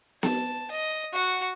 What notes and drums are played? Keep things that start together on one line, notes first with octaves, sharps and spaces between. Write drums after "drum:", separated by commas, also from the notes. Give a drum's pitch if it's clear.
A5, drum: snare B3
D#5
F#4 F#5